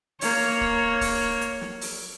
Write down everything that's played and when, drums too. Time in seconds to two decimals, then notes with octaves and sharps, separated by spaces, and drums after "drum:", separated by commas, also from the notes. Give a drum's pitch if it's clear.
0.21 A#3 C#5, drum: open hi-hat
0.61 drum: kick D1
1.01 drum: kick D1, open hi-hat
1.41 drum: hi-hat
1.61 drum: snare
1.81 drum: open hi-hat